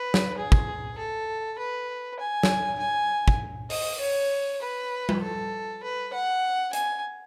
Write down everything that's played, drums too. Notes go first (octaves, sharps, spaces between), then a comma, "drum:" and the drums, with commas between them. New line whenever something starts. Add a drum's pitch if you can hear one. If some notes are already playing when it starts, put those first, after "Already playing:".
Already playing: B4
drum: snare
G#4
drum: kick
A4
B4
G#5
drum: snare
G#5
drum: kick
D#5, drum: open hi-hat
C#5
B4
drum: tom G3
A4
B4
F#5
G#5, drum: hi-hat